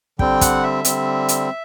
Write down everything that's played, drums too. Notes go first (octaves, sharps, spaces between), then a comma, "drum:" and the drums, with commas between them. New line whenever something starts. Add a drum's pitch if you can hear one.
D3 G3 C4 G5, drum: kick
F#5, drum: kick, hi-hat
E5
D3 G3 C4, drum: hi-hat
drum: hi-hat